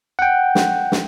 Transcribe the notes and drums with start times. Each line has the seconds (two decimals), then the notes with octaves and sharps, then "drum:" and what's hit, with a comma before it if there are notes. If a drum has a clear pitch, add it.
0.19 F#5 G5
0.55 drum: snare
0.92 drum: snare